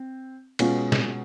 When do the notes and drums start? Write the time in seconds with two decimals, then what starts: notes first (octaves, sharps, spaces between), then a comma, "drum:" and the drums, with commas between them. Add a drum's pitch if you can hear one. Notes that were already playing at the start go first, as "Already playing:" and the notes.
Already playing: C4
0.59 B2 G#3 C#4 F4, drum: cymbal
0.92 drum: snare